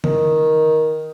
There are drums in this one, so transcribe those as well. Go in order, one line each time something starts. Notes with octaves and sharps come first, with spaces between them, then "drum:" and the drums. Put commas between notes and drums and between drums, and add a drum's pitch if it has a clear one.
D#3, drum: tom